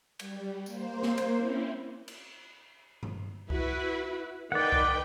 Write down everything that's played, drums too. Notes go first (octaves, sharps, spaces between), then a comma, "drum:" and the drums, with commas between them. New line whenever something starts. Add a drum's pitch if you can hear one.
G3, drum: cymbal
A#3 C5, drum: tambourine
drum: snare
drum: cymbal
C4 C#4 E4
drum: cymbal
drum: tom G2
E4 F#4 B4, drum: kick C2
D#3 B4 D5 F#5 G5
drum: kick C2